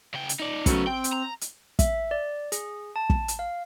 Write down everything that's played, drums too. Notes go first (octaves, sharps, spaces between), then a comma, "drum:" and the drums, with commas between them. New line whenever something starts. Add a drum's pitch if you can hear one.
C#3 G5
drum: hi-hat
D#4 D5
C#3 F#3 A3 B3 C#4, drum: kick, hi-hat
C4 G5
drum: hi-hat
A#5
drum: hi-hat
E5, drum: kick, hi-hat
D5
G#4, drum: hi-hat
A5
drum: kick
drum: hi-hat
F5